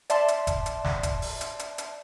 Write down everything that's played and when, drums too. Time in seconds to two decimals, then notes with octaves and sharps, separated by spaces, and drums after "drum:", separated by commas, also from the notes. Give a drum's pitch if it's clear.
0.10 D5 E5 A5 C6, drum: hi-hat
0.28 drum: hi-hat
0.47 drum: kick F1, hi-hat
0.66 drum: hi-hat
0.85 drum: snare
1.03 drum: kick F1, hi-hat
1.22 drum: open hi-hat
1.41 drum: hi-hat
1.59 drum: hi-hat
1.78 drum: hi-hat